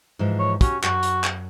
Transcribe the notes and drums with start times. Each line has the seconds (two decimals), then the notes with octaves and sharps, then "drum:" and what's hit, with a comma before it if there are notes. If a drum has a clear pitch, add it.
0.19 G#2 E3 F3
0.39 C#5
0.61 C#4 F#4 G4, drum: kick, hi-hat
0.83 F#2 F#4, drum: clap
1.03 drum: hi-hat
1.24 drum: clap